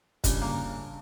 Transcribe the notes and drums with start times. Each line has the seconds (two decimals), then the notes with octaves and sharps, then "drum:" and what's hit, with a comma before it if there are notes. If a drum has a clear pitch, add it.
0.24 C#2 G2, drum: kick, hi-hat
0.42 A#3